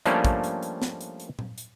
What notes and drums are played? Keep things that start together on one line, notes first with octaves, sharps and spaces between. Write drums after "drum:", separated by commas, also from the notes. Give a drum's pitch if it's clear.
F3 G3 A3 A#3 C#4 D4, drum: hi-hat
drum: kick, hi-hat
drum: hi-hat
drum: hi-hat
drum: snare
drum: hi-hat
drum: hi-hat
drum: tom A#2
drum: hi-hat